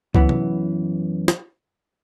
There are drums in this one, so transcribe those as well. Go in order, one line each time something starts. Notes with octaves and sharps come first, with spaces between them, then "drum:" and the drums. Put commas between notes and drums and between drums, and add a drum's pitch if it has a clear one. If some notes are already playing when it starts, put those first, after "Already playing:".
F#2 E3 B3, drum: kick
drum: tom C3
drum: snare